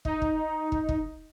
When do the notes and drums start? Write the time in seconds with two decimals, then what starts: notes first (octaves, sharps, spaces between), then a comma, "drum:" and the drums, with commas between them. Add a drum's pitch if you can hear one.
0.05 D#4, drum: kick
0.22 drum: kick
0.72 drum: kick
0.89 drum: kick